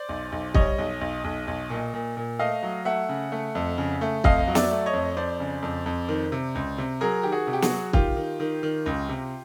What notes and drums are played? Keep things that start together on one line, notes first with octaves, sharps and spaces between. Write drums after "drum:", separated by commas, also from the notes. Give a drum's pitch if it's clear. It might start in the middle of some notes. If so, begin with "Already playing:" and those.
Already playing: C5 D5
B1
B1
G3 C#5 D#5, drum: kick
B1
B1
B1
B1
A#2
A#2
A#2
A3 D#5 F5
F#3
A3 E5 F#5
C#3
A3
F2
C#3
A3
F2 D#5 F5, drum: kick
F#3
D5 E5, drum: snare
A3
C#5 D#5
F2
F2 C5 D5
C#3
F2
F2
D#3
C3
C#2
C3
F#3 G#4 A#4
D#3 G4
F#4 G#4
C3
G4
F#4 G#4, drum: snare
F#3
D#3 F4 G4, drum: kick
D#3
D#3
D#3
C#2
C3